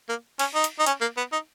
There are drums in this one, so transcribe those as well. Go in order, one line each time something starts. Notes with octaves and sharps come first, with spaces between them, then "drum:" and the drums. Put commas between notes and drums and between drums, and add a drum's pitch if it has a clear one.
A#3
C#4, drum: cymbal
D#4
drum: hi-hat
D#4
C#4, drum: hi-hat
A#3
B3
D#4